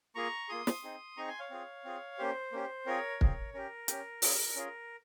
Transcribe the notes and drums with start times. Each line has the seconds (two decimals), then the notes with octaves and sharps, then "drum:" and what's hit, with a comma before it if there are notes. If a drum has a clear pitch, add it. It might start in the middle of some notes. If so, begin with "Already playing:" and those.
0.15 A#3 F4 G#4 A#5 C#6
0.49 A#3 F4 G#4 C6 D#6
0.67 drum: snare
0.84 C4 D#4 G#4
1.17 C4 D#4 G#4 A#5 C#6
1.28 G#5 C6
1.39 C#5 F5
1.50 C4 F4 G#4
1.85 C4 F4 G#4
2.18 A#3 C#4 G4 C5
2.52 A#3 C#4 G4
2.86 C4 F4 G#4 A#4 C#5
3.21 C4 F4 G#4, drum: kick
3.54 C#4 G4 A#4
3.88 C#4 G4, drum: hi-hat
4.22 C#4 F4 G#4, drum: open hi-hat
4.55 C#4 F4 G#4